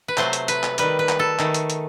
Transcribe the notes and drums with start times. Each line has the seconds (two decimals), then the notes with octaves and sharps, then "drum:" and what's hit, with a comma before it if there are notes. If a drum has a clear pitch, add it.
0.08 B4
0.17 C3 F#3 A3 C5, drum: clap
0.33 drum: hi-hat
0.48 B4, drum: hi-hat
0.63 drum: clap
0.78 D#3 G3 B4, drum: hi-hat
0.99 B4
1.09 drum: clap
1.19 A4
1.39 D#3 A3, drum: clap
1.54 drum: hi-hat
1.70 drum: hi-hat